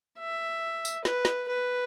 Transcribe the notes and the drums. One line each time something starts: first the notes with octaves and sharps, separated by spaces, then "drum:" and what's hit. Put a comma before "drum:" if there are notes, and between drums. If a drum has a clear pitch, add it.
E5
drum: tambourine
B4, drum: snare
drum: snare
B4